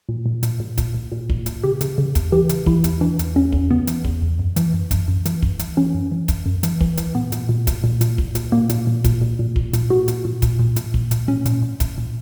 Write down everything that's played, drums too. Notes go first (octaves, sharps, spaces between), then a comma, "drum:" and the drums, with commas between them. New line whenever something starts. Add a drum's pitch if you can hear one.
A#2
A#2
A#2, drum: hi-hat
A#2
A#2, drum: kick, hi-hat
A#2
A#2
A#2, drum: kick
A#2, drum: hi-hat
C#3 G4
C#3, drum: hi-hat
C#3
E2, drum: kick, hi-hat
E3 G4
C#3, drum: hi-hat
E3 E4, drum: kick
E2, drum: hi-hat
E3 D4
E2, drum: hi-hat
E2 C#4
E2, drum: kick
C#3 B3
E3, drum: hi-hat
E2, drum: kick
E2
F#2
E3, drum: hi-hat
F#2
F#2, drum: kick, hi-hat
F#2
E3, drum: hi-hat
F#2, drum: kick
E3, drum: hi-hat
E3 C#4
F#2
E3
F#2, drum: kick, hi-hat
F#2
E3, drum: hi-hat
E3, drum: kick
E3, drum: hi-hat
A#2 B3
A#2, drum: hi-hat
A#2
A#2, drum: kick, hi-hat
A#2
A#2, drum: hi-hat
A#2, drum: kick
A#2, drum: hi-hat
A#2 A#3
A#2, drum: hi-hat
A#2
A#2, drum: kick, hi-hat
A#2
A#2
A#2, drum: kick
A#2, drum: hi-hat
A#2 F#4
A#2, drum: hi-hat
A#2
A#2, drum: kick, hi-hat
A#2
A#2, drum: hi-hat
A#2, drum: kick
A#2, drum: hi-hat
A#2 C#4
A#2, drum: hi-hat
A#2
A#2, drum: kick, hi-hat
A#2